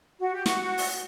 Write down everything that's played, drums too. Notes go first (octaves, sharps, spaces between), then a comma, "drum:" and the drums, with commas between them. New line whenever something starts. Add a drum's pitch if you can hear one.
F#4
G4
F#4, drum: snare
drum: open hi-hat